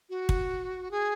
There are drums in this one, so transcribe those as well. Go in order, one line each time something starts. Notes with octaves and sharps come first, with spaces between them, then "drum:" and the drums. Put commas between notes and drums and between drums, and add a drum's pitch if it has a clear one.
F#4
drum: kick
G#4